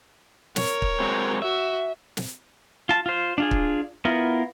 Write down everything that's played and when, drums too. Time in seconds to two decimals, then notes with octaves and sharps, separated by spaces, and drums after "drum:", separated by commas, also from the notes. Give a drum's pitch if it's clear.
0.56 A#4 C#5, drum: snare
0.82 drum: kick
1.00 F#3 G#3 C4
1.42 F#4 E5
2.17 drum: snare
2.89 F4 A5
3.06 F4 C5
3.38 D4 F4 G#4
3.51 drum: kick
4.05 B3 E4 F4 A#4